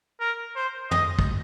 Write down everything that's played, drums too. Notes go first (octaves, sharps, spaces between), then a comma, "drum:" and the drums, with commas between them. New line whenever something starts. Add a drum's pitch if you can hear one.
A#4
C5
D#5, drum: tom
drum: kick